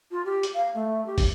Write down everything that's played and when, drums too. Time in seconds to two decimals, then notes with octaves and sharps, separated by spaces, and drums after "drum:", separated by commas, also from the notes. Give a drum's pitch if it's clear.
0.11 F4
0.25 G4
0.43 drum: hi-hat
0.53 F5
0.74 A3
1.06 G4
1.18 drum: kick, open hi-hat